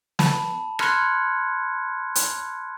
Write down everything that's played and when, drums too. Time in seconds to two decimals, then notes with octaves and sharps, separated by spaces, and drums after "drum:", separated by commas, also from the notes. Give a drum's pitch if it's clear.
0.19 A5 B5, drum: snare
0.79 B5 C6 F6 F#6 G#6 C#7, drum: rim click
2.15 drum: hi-hat